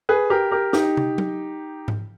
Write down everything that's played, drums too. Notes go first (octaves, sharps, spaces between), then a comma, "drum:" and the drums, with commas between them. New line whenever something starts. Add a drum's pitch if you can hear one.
G#4 B4
G4 A#4
G4 A#4
D#4 G4, drum: snare
drum: tom
drum: tom F#3
drum: tom G#2